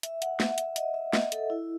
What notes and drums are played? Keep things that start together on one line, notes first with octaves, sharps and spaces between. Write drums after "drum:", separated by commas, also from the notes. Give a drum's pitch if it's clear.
E5, drum: hi-hat
F#5, drum: hi-hat
E5, drum: snare
E5, drum: hi-hat
D#5, drum: hi-hat
E5
D#5, drum: snare
A4, drum: hi-hat
E4